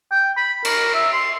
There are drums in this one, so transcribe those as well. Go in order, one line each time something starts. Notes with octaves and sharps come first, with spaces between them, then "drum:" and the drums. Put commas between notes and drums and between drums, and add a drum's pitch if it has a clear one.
G5
B5
A#4, drum: cymbal
E5
C6